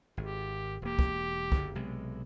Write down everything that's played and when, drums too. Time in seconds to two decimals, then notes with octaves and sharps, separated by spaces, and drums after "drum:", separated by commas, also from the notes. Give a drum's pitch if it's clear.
0.17 G#1 G4
0.82 E1 A#3 G4
0.99 drum: kick
1.52 F#1 D3, drum: kick
1.75 B1 C3 G#3